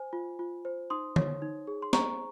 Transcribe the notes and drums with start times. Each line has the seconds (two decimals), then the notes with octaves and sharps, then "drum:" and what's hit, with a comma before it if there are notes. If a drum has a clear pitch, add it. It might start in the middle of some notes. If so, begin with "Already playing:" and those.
Already playing: C5 G#5
0.13 F4
0.39 F4
0.65 C5
0.90 D#4 C6 D#6
1.16 C#5, drum: tom D3
1.42 D#4
1.67 G#4
1.82 C6
1.93 C5 A#5 C#6, drum: snare